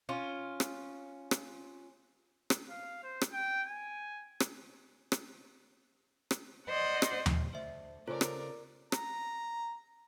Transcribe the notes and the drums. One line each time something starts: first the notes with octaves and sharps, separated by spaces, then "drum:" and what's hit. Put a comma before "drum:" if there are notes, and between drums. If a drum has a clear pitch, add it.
C#4 F4
drum: rim click
drum: rim click
drum: rim click
F5
C5
drum: rim click
G5
G#5
drum: rim click
drum: rim click
drum: rim click
C5 D5 D#5 F#5
drum: rim click
drum: tom D#2
D2 C5 E5
C#3 F4 A4 A#4 C5 D5
drum: rim click
A#5, drum: rim click